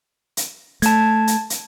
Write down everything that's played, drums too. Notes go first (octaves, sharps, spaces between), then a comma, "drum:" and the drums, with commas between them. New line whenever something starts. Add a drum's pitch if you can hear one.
drum: hi-hat
A3 A5 G#6, drum: hi-hat
drum: hi-hat
drum: hi-hat